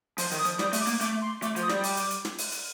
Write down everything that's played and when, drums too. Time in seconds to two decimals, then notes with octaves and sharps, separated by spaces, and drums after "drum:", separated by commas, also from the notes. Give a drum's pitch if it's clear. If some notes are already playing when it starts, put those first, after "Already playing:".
0.18 F3 C6, drum: open hi-hat
0.32 D#3, drum: hi-hat
0.39 D#6
0.45 F3, drum: hi-hat
0.59 G3 D#6, drum: snare
0.73 A3, drum: open hi-hat
0.80 D6
0.87 A#3, drum: hi-hat
1.01 A3 D6, drum: hi-hat
1.22 C6
1.42 A3 D6, drum: hi-hat
1.56 F3, drum: hi-hat
1.62 D#6
1.69 G3, drum: snare
1.84 D6, drum: open hi-hat
1.97 drum: hi-hat
2.11 drum: hi-hat
2.25 drum: snare
2.38 drum: open hi-hat
2.52 drum: hi-hat